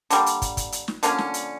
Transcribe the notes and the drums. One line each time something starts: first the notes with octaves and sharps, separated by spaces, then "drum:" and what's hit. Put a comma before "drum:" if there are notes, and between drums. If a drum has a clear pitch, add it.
D3 G3 A#3, drum: hi-hat
drum: hi-hat
drum: kick, hi-hat
drum: kick, hi-hat
drum: hi-hat
drum: snare
D3 F3 A#3 C#4, drum: hi-hat
drum: snare
drum: hi-hat